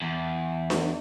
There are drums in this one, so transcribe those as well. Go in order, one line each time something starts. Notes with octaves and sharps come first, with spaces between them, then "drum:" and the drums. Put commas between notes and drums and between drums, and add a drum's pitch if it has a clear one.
E2
drum: snare D4